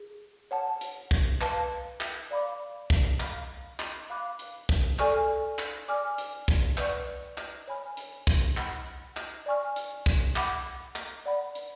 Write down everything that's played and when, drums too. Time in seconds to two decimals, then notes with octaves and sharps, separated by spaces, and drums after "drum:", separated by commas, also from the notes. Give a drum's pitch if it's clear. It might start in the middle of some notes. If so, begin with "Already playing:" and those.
Already playing: G#4
0.51 C#5 F#5 A5
0.81 drum: hi-hat
1.11 drum: kick
1.41 B4 F5 A5, drum: clap
2.00 drum: clap
2.31 D5 F5 B5 D6
2.90 drum: kick
3.20 F5 B5 F6, drum: clap
3.80 drum: clap
4.10 F5 B5 D6 F#6
4.39 drum: hi-hat
4.69 drum: kick
4.99 A4 D5 G#5 C#6 F6, drum: clap
5.59 drum: clap
5.88 D5 G#5 D6 F6
6.18 drum: hi-hat
6.48 drum: kick
6.78 B4 D5 F#5 C#6 F6, drum: clap
7.38 drum: clap
7.68 C#5 G#5 B5 F6
7.97 drum: hi-hat
8.27 drum: kick
8.57 F#5 B5 F6, drum: clap
9.17 drum: clap
9.46 D5 G#5 C#6 F6
9.76 drum: hi-hat
10.06 drum: kick
10.36 F#5 B5 D6, drum: clap
10.96 drum: clap
11.26 D5 F#5 B5
11.55 drum: hi-hat